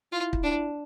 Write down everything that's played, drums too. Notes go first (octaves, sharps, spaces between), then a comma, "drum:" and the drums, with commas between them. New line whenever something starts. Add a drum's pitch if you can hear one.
E4 F4
drum: kick
D4